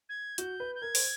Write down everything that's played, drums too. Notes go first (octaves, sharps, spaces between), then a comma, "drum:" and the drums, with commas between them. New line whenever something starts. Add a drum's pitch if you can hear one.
G#6
F#4 G6, drum: hi-hat
B4
G6
A#4 G#6
C5, drum: open hi-hat